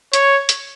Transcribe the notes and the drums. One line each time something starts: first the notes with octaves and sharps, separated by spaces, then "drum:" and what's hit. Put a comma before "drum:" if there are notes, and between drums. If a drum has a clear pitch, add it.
C#5, drum: hi-hat
drum: hi-hat